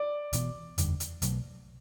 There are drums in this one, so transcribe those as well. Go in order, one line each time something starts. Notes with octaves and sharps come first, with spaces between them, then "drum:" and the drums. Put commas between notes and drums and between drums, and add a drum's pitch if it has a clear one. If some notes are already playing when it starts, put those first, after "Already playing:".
Already playing: D5
E1 E2 B2, drum: hi-hat
F#1 E2 D3 G3, drum: hi-hat
drum: hi-hat
B1 B2 F#3 A3, drum: hi-hat